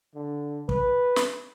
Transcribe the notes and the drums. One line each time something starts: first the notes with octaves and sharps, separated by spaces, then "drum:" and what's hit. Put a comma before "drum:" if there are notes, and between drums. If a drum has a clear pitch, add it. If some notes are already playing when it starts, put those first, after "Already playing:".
D3
B4, drum: kick
drum: snare